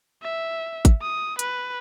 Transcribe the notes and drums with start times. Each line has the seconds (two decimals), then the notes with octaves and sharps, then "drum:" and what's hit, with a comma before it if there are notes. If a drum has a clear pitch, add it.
0.23 E5
0.85 drum: kick G#1, hi-hat
1.02 D#6
1.39 B4, drum: hi-hat